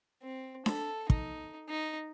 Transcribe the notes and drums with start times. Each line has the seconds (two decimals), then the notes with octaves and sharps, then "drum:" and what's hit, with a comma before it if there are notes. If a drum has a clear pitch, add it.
0.22 C4
0.66 A4, drum: snare D4
1.10 D#4, drum: kick
1.69 D#4